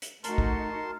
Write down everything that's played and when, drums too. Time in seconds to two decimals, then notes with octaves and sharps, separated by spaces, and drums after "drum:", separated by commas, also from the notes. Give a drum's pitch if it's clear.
0.02 drum: hi-hat
0.24 A3 D#4 F#4 A#4 A5 C6, drum: hi-hat
0.38 drum: kick